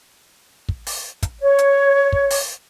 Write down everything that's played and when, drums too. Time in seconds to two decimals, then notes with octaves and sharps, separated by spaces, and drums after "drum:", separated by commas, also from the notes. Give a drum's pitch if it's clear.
0.69 drum: kick
0.87 drum: open hi-hat
1.23 drum: kick, hi-hat
1.41 C#5
1.59 drum: hi-hat
2.12 drum: kick
2.30 drum: open hi-hat